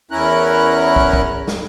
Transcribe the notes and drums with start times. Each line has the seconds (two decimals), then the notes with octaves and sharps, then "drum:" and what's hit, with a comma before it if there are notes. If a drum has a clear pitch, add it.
0.11 E2 C#4 E4 A#4 F#6
0.96 drum: kick
1.13 drum: kick
1.47 drum: snare